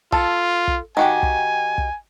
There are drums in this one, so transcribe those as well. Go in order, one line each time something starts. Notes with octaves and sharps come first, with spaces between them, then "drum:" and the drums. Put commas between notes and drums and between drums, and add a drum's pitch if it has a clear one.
F4 A4, drum: kick
drum: kick
D#3 F#4 G4 G#5
drum: kick
drum: kick